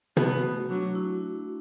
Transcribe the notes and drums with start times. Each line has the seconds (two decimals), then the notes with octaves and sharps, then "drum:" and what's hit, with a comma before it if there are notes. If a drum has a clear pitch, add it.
0.17 B3 F#4, drum: tom
0.43 A3
0.70 F#3 D4
0.95 E4